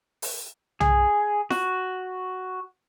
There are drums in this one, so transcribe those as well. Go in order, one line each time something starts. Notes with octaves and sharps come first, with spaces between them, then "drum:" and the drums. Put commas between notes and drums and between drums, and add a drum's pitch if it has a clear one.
drum: open hi-hat
G#4, drum: tom B1
F#4, drum: snare F4